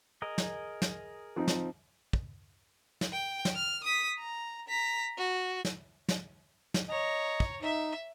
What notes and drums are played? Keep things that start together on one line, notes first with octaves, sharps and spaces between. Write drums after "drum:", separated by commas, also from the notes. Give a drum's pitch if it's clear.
G#4 A#4 D#5
drum: snare
drum: snare
F3 C4 D#4
drum: snare
drum: kick
drum: snare
G5
drum: snare
F6
D#6 B6
A#5
A#5 B6
F#4
drum: snare
drum: snare
drum: snare
C#5 D#5 A#5
drum: kick
D#4 E5